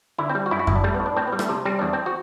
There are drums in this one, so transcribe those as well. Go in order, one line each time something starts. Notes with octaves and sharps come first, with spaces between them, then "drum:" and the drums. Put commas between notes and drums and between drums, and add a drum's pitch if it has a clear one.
D3 E4
C4
G3
F#4
F#2 E4
F#4
F#2 E4, drum: kick F#2
D4
G3 A3
B3
A2
D4
A2 C4
B3
G3
A3, drum: rim click
C3
G3 C4
E2 D4
C4
F#4